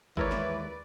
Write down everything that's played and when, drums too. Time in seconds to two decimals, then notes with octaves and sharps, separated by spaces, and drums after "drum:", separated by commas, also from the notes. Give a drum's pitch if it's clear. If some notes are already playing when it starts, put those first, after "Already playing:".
0.17 D#2 E3 G#3 E4 A#4 B4 C#5 D5, drum: kick G1
0.31 drum: snare